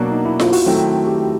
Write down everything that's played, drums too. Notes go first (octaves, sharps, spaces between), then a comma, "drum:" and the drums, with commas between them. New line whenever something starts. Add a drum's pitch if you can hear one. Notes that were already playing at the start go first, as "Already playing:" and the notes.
Already playing: B2 F#3 A#3 D4 F#4
D#4
E4
F4, drum: snare F4
F#4, drum: open hi-hat
D#3 F#3 A3 C4 E4
G4